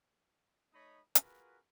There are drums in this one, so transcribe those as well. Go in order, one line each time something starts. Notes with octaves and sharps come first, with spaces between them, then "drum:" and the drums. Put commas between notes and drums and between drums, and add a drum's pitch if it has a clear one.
A3 D#4 C#5 D#5 B5 D#6
F4 F#4 G#4 A#4 B4, drum: hi-hat